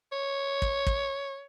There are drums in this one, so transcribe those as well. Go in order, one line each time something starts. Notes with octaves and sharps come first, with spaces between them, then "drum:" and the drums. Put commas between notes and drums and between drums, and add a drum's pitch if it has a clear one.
C#5
drum: kick
drum: kick